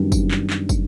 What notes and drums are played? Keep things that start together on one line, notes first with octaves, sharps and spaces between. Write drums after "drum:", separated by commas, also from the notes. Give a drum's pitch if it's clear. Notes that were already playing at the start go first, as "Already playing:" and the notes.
Already playing: F#2 D#3 G3 B3 D4
drum: kick, tambourine
drum: clap
drum: clap
drum: kick, tambourine